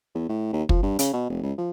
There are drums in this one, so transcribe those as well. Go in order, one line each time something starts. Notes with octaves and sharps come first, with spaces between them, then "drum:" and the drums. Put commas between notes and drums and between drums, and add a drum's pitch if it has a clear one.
E2
A2
D#2
F3, drum: kick
G2
C#3, drum: hi-hat
B2
F1
C#2
F3